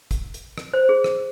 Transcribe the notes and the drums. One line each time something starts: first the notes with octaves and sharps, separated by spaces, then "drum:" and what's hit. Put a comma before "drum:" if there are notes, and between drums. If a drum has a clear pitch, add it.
drum: kick, hi-hat
drum: hi-hat
drum: rim click
C5
G#4
drum: rim click